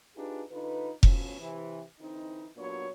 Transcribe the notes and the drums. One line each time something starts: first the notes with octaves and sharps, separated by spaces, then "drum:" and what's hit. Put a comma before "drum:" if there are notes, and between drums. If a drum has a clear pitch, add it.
D4 D#4 F4 G4 G#4 B4
D3 D#4 F4 B4
D2 B2 F3 C#4, drum: kick F1
C3 E3
D3 E3 C4 D#4
A#2 F#3 B3 D4 G4 C#5